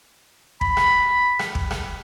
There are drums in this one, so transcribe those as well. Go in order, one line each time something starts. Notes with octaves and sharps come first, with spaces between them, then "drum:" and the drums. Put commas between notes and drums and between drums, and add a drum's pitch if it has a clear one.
B5, drum: kick
drum: rim click
drum: rim click
drum: kick
drum: rim click